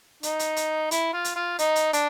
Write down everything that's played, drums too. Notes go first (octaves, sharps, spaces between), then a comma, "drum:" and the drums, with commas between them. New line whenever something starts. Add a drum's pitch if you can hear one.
D#4, drum: hi-hat
drum: hi-hat
drum: hi-hat
E4, drum: hi-hat
F4
drum: hi-hat
F4
D#4, drum: hi-hat
drum: hi-hat
D4, drum: hi-hat